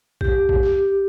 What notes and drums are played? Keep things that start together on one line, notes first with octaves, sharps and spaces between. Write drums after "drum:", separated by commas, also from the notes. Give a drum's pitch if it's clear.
G4, drum: kick A#1
drum: kick A#1
drum: snare